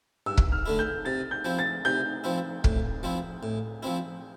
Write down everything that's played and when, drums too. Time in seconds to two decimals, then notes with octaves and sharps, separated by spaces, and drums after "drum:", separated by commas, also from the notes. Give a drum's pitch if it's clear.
0.26 G2 E6
0.37 drum: kick
0.52 F6
0.66 D3 A3 E4
0.79 G6
1.05 C3 A6
1.31 G6
1.45 F3 C4 E4
1.59 A6
1.85 C3 G6
2.24 F3 C4 E4
2.64 A2, drum: kick
3.03 F3 C4 E4
3.43 A2
3.83 F3 C4 E4